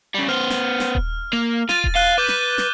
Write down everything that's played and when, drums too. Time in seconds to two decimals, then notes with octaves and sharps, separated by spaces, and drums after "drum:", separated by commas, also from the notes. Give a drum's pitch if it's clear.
0.15 C#3 G3
0.29 B3 C5 F6
0.50 drum: snare
0.80 drum: snare
0.95 drum: kick D#1
1.33 A#3
1.69 F4 A6 D#7, drum: snare
1.84 drum: kick D#1
1.96 F5 F#6 D#7 G7
2.18 B4 D6 G6
2.28 drum: snare
2.58 drum: snare